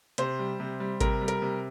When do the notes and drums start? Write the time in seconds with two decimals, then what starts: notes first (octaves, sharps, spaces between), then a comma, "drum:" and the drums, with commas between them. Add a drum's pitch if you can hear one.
0.18 C3 C5, drum: hi-hat
0.39 G3
0.60 C3
0.80 G3
1.01 C3 A#4, drum: kick G#1, hi-hat
1.22 G3
1.28 A#4, drum: hi-hat
1.42 C3